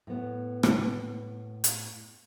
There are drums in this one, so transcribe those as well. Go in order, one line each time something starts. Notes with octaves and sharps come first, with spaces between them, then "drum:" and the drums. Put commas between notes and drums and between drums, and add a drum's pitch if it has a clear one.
A2 B3
drum: rim click
drum: hi-hat